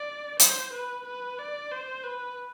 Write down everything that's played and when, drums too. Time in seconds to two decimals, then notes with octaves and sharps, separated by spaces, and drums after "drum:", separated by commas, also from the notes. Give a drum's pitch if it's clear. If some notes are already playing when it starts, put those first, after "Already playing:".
Already playing: D5
0.40 C5, drum: hi-hat
0.73 B4
1.06 B4
1.39 D5
1.71 C5
2.04 B4